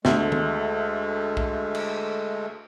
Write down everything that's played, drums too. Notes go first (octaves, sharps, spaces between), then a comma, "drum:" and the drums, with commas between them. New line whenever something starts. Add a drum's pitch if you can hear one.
D2 G#3 A3, drum: snare
drum: tom D#3
drum: kick
drum: cymbal